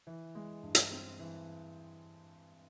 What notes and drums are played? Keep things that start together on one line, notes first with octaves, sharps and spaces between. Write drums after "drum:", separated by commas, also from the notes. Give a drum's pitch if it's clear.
E3
G#3
G2
drum: hi-hat
C4
E3